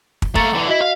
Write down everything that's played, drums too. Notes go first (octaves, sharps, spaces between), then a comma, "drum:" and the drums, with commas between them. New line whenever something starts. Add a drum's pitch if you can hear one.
drum: kick
A3 A#3 A#5 A6 C#7, drum: kick
D3 E3
E4 F#4 D#5 B6
F5